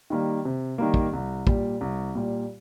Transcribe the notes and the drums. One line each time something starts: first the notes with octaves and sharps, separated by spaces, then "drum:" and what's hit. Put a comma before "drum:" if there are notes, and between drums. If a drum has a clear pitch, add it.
D#3 G3 A#3
C3
D#3 G3 A#3
drum: kick
C2
A#2 G3, drum: kick
C2
A#2 G3